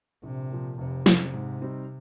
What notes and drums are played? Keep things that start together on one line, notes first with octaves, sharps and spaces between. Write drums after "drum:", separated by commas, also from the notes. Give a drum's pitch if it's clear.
A#1 C3
A#2 F3
F1 C3
F2 C#3, drum: snare
G#2
G3 C4 D#4